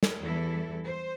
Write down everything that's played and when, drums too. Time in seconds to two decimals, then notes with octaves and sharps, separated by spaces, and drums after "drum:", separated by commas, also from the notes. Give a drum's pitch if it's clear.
0.03 drum: snare
0.21 E2 E3 G3 E4 A4
0.86 C5